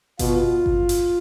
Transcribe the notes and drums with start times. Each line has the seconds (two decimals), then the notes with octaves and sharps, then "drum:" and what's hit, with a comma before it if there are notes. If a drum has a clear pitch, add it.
0.19 B2 F4, drum: kick G1, hi-hat
0.66 drum: kick G1
0.89 drum: hi-hat